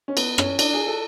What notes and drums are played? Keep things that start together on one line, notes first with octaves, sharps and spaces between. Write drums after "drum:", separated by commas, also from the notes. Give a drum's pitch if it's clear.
C#4
B3, drum: cymbal
C#4, drum: rim click
D4, drum: cymbal
G#4
A4